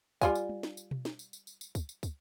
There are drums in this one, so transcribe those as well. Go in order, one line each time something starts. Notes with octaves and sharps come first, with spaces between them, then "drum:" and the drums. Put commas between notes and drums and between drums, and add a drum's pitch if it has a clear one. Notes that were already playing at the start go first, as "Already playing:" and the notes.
G3 F4 G#5, drum: kick, tambourine
drum: tambourine
drum: tom
drum: snare
drum: tambourine
drum: tom B2
drum: snare
drum: tambourine
drum: tambourine
drum: tambourine
drum: tambourine
drum: kick, tambourine
drum: tambourine
drum: kick, tambourine